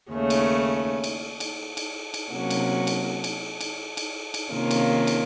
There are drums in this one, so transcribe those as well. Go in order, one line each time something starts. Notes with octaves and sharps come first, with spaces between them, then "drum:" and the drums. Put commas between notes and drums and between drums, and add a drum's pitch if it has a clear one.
D#2 C#3 A3 C#4
drum: cymbal
drum: cymbal
drum: cymbal
drum: cymbal
drum: cymbal
C3 F#3 A#3 C#4 F#4
drum: cymbal
drum: cymbal
drum: cymbal
drum: cymbal
drum: cymbal
drum: cymbal
C3 D#3 A#3 C#4 F4
drum: cymbal
drum: cymbal